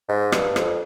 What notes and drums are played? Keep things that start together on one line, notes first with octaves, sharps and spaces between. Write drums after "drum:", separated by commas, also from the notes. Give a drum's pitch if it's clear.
G#2
G2, drum: rim click
F2, drum: rim click